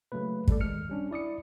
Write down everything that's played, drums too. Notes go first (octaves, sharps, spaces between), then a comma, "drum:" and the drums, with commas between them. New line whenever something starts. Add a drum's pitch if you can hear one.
C#3 F#3 A3 A#3 B4
G3 A3 A4 D5, drum: kick
D#3 G#3 F6 C#7
G3 C#4 D4
E4 D5 D#6 C#7